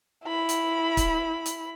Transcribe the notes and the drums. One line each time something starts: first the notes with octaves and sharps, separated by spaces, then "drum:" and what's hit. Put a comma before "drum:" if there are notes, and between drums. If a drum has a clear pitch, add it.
E4 B5
drum: hi-hat
drum: kick, hi-hat
drum: hi-hat